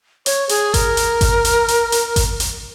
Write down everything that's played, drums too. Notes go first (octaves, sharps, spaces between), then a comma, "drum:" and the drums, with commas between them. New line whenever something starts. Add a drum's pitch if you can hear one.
C#5, drum: hi-hat
G#4, drum: hi-hat
A#4, drum: kick G#1, hi-hat
drum: hi-hat
drum: kick G#1, hi-hat
drum: hi-hat
drum: hi-hat
drum: hi-hat
drum: kick G#1, hi-hat
drum: hi-hat